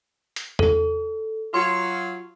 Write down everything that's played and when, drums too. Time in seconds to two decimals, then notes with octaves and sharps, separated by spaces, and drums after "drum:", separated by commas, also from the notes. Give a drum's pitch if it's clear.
0.36 drum: hi-hat
0.59 A4, drum: tom E2
1.54 F#3 F4 C6